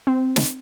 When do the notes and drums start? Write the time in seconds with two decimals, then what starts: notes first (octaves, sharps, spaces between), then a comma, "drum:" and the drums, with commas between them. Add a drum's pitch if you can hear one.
0.07 C4
0.36 drum: snare